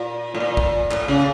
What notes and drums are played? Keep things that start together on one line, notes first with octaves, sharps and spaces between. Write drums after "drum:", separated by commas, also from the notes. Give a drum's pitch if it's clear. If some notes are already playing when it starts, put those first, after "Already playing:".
Already playing: A#2
A2
A#2
drum: kick A#1
A2, drum: clap
C#3